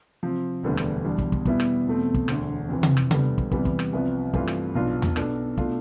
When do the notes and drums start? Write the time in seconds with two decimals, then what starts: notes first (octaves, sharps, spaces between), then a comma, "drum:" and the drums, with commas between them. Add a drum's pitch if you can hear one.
0.23 C3 F3 C4
0.63 E1 D2 D3 G3 B3
0.77 drum: rim click
1.04 E2 B2 G3 D4
1.18 drum: kick
1.32 drum: kick
1.45 E2 B2 G3 B3 E4, drum: kick
1.60 drum: rim click
1.87 E2 B2 A3 C4
2.14 drum: kick
2.28 E1 D2 D3, drum: rim click
2.69 F2 C3 E3
2.83 drum: tom C3
2.97 drum: rim click
3.11 E2 D3 G3 B3, drum: tom C3
3.38 drum: kick
3.51 E2 C3 E3 G3 B3, drum: kick
3.65 drum: kick
3.79 drum: rim click
3.93 C2 C3 F3 B3
4.34 G2 E3 A3 C4 F4, drum: kick
4.47 drum: rim click
4.75 B1 B2 B3 D4 F4
5.02 drum: tom E2
5.16 B2 B3 D4 A4, drum: rim click
5.57 B2 A3 D4 F4, drum: kick